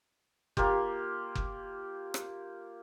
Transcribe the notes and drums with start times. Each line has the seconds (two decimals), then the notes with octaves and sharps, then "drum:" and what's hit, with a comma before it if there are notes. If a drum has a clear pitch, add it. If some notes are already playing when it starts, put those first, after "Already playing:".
0.57 A#3 F4 G4, drum: kick F#1
1.35 drum: kick F#1
2.14 drum: rim click